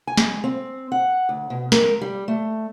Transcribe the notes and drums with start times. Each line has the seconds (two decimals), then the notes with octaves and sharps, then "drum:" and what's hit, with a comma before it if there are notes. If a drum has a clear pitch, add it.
0.07 G#5
0.17 drum: snare
0.44 C4
0.92 F#5
1.29 D2
1.50 B2
1.72 A#4, drum: snare
2.01 G3
2.28 A3